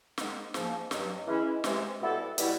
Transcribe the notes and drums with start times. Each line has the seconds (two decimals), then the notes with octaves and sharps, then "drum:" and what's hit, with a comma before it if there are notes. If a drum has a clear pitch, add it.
0.18 G#2 D#3 G#3 B3 D#4, drum: snare
0.54 G#2 F3 A#3, drum: snare
0.91 G2 D#3 F#3, drum: snare
1.27 E3 G#3 C#4 E4
1.64 C3 E3 G#3, drum: snare
2.00 B2 G3 B3 E4 A4
2.38 B2 G3 B3 E4, drum: hi-hat